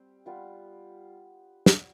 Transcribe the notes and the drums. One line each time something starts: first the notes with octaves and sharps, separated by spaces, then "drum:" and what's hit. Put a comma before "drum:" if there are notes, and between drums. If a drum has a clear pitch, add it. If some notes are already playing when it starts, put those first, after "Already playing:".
Already playing: G3 C4 G4
G3 B3 F4 B4
drum: snare